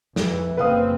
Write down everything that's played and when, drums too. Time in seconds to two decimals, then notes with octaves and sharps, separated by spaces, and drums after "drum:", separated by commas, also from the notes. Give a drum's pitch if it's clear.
0.16 F2 E3, drum: snare
0.57 F#1 C4 B4 F5 D#6